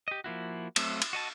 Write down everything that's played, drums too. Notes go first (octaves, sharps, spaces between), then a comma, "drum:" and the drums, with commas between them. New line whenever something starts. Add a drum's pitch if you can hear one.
G4 D#5
F3 A#3 E4 F#4
F#3 A3 C4 E5, drum: cymbal
drum: cymbal
F#4 D#5 A5